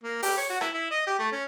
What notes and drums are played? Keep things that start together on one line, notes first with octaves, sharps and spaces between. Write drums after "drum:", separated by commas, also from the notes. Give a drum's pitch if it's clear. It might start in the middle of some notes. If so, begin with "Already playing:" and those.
A#3
G4, drum: open hi-hat
C#5
F#4
E4, drum: rim click
E4
D#5
G4
A3
C#4